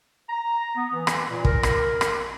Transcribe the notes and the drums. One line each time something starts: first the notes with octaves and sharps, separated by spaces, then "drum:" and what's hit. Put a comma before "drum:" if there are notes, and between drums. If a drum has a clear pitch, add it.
A#5
B3
E3
drum: rim click
A#2
A#4, drum: kick
drum: rim click
drum: rim click